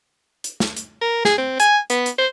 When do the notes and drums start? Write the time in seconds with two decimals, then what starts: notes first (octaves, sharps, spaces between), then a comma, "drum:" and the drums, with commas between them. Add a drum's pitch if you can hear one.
0.44 drum: hi-hat
0.60 drum: snare
0.77 drum: hi-hat
1.01 A#4
1.25 G#4, drum: snare
1.38 C4
1.60 G#5, drum: hi-hat
1.90 B3, drum: hi-hat
2.06 drum: hi-hat
2.18 C5